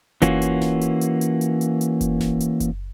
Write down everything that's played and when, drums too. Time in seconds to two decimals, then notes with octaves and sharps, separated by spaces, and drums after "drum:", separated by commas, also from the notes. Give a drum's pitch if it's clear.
0.22 E3 A#3 C#4 F4 F#4, drum: kick F#1, hi-hat
0.42 drum: hi-hat
0.61 drum: snare D1
0.81 drum: hi-hat
1.01 drum: hi-hat
1.21 drum: hi-hat
1.41 drum: hi-hat
1.61 drum: hi-hat
1.81 drum: hi-hat
2.01 drum: kick F#1, hi-hat
2.21 drum: snare D1
2.40 drum: hi-hat
2.60 drum: kick F#1, hi-hat